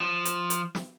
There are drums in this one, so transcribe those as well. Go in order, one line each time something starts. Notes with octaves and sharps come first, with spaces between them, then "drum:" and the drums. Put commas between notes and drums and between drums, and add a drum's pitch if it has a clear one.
F3
drum: hi-hat
drum: hi-hat
drum: snare